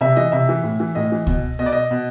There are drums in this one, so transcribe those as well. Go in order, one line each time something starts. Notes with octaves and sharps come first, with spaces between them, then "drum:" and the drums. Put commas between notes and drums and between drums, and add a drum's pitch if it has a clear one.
C3 E5
E3 D#5
C3 E5
E3
A2
E3
A2 D#5
E3
B2, drum: kick C#2
B2 D#5
D5
D#5
B2